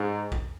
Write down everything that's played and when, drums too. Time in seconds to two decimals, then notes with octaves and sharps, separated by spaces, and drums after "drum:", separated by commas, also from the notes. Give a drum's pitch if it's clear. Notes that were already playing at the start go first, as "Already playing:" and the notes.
Already playing: G#2
0.32 drum: kick A#1